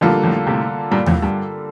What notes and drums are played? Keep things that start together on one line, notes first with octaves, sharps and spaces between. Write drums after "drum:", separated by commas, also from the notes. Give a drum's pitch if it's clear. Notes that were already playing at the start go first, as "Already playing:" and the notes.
F2 A2 D3 G3 A#3 F4 A4
F2 A2
A2 C3
G2 A#2
F2 A2, drum: tom D#2
G2